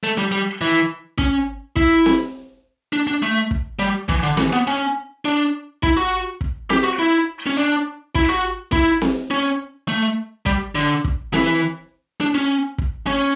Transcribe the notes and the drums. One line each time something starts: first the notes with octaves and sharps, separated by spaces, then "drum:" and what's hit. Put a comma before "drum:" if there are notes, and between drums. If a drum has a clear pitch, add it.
A3
G3
G3
E3
C#4, drum: kick
E4, drum: kick
drum: snare C4
D4
D4
A3
drum: kick
G3
E3, drum: kick
D3
E3, drum: snare C4
B3
C#4
D4
E4, drum: kick
F#4
drum: kick
G4, drum: snare C4
F#4
E4
C#4
D4
E4, drum: kick
F#4
E4, drum: kick
drum: snare C4
C#4
A3
G3, drum: kick
D3
drum: kick
E3, drum: snare C4
D4
C#4
drum: kick
C#4